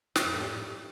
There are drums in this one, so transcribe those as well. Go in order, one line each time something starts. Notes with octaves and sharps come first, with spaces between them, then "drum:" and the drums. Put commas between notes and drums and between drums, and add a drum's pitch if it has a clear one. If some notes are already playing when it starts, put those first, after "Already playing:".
D#3, drum: snare
F2 F3
A2 A3
G3